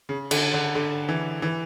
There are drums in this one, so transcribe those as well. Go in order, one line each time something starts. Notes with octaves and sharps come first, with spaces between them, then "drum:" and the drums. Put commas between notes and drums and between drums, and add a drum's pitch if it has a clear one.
C#3
D3, drum: cymbal
D3
D3
E3
E3